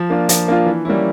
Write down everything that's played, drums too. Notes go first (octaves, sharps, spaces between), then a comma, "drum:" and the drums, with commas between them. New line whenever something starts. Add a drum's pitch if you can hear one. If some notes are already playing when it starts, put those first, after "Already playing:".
Already playing: F3
A#3 D4 F4
F3, drum: hi-hat
A#3 D4 F4
E3
G3 A#3 C#4 E4